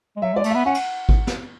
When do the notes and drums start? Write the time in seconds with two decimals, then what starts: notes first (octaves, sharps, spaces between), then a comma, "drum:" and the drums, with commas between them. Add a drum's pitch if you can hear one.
0.16 G#3
0.22 F#3 E5
0.33 G#3
0.36 D5
0.44 A3, drum: cymbal
0.51 B3 E5
0.65 C#4 F#5
0.74 drum: cymbal
1.09 drum: kick G#1
1.27 drum: snare